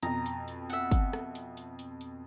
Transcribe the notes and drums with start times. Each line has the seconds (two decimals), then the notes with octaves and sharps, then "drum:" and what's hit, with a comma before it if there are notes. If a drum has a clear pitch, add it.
0.03 F2 B2 A#5, drum: hi-hat
0.26 drum: hi-hat
0.48 drum: hi-hat
0.70 E5 F#5, drum: hi-hat
0.92 drum: kick, hi-hat
1.13 drum: rim click
1.35 drum: hi-hat
1.57 drum: hi-hat
1.79 drum: hi-hat
2.01 drum: hi-hat